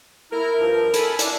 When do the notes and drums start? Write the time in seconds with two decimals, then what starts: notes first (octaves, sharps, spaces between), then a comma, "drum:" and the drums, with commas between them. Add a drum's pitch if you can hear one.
0.32 E4 A#4 A#5 F6
0.57 G2 F3
0.94 A4 G#5 B5, drum: hi-hat
1.19 E3 D4, drum: hi-hat